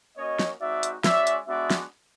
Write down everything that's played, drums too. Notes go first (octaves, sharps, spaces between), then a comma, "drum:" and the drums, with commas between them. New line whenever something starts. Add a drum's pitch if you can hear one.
A#3 C#4 F#4 C#5 D#5
drum: snare
G#3 C4 D#4 F#4 D5 E5
drum: hi-hat
G#3 C#4 F#4 D5 E5, drum: snare
drum: hi-hat
G#3 B3 D4 F#4 D5 E5
drum: snare